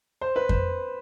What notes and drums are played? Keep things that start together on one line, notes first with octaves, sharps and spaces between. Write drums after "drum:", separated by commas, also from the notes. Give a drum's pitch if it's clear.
C5
B4
C5, drum: kick F2